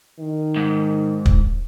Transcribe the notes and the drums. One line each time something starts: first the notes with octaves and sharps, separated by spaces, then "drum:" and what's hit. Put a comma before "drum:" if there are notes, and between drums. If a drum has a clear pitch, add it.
D#3
G#2
drum: kick